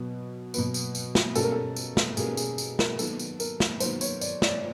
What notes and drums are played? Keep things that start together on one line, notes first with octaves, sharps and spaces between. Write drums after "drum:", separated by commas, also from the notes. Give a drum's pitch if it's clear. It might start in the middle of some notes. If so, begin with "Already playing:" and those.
Already playing: B2 F#3 B3
B2 F#3 B3, drum: tambourine
drum: tambourine
drum: tambourine
drum: snare
B2 G3 A#3 C#4 A4, drum: tambourine
A#4
A4
drum: tambourine
drum: snare
B2 G3 A#3 C#4 G#4, drum: tambourine
G#4, drum: tambourine
drum: tambourine
A#4, drum: snare
D#3 F#3 B3 A4, drum: tambourine
drum: tambourine
A#4, drum: tambourine
drum: snare
D#3 F#3 B3 C5, drum: tambourine
C#5, drum: tambourine
D5, drum: tambourine
D5, drum: snare